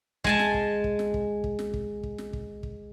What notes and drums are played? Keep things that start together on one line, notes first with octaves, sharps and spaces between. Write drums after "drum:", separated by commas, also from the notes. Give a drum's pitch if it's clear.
G#3 G#5 A5, drum: kick
drum: snare
drum: kick
drum: kick
drum: snare
drum: kick
drum: kick
drum: snare
drum: kick
drum: kick
drum: snare
drum: kick
drum: kick